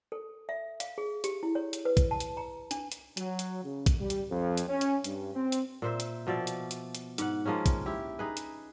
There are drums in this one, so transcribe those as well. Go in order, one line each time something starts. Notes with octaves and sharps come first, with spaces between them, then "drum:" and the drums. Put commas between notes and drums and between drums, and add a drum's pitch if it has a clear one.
A4
E5
F5, drum: hi-hat
G#4
G4, drum: hi-hat
E4
C#5
drum: hi-hat
B4
drum: kick, hi-hat
A5
drum: hi-hat
A#5
D4, drum: hi-hat
drum: hi-hat
F#3, drum: hi-hat
drum: hi-hat
C#3
drum: kick, hi-hat
G3
drum: hi-hat
F2
drum: hi-hat
C#4
drum: hi-hat
G2, drum: hi-hat
C4
drum: hi-hat
A#2 C5 E5
drum: hi-hat
B2 F3 D5 E5
drum: hi-hat
drum: hi-hat
drum: hi-hat
G#2 F#5, drum: hi-hat
F3 G#3 A#3 C#4
drum: kick, hi-hat
E4 G4
D#4 G#4 B4
drum: hi-hat